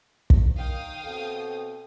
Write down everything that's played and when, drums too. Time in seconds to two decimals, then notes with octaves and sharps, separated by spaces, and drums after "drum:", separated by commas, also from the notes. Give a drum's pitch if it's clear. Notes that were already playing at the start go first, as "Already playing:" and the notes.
0.30 drum: kick
0.56 D#3 F5 G5 D#6
1.05 B2 C4 A4